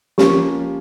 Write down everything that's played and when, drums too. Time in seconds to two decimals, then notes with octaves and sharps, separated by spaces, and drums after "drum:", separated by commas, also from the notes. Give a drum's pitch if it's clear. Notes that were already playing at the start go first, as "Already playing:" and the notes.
0.18 F3 A#3 C#4 G4, drum: snare